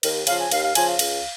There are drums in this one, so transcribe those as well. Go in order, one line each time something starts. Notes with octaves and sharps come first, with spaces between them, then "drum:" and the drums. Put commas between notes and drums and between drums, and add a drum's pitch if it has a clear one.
D#2 A#4, drum: cymbal
C#3 F3 F5, drum: cymbal
G#5
D#2 F5, drum: cymbal
F5
C#3 F3 G#5, drum: cymbal
F5
C#2, drum: cymbal